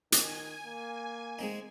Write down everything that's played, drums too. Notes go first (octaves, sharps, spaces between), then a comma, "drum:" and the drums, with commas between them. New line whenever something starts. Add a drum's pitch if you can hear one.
D#3 G#5, drum: hi-hat
A#3
G#3 C4 D#4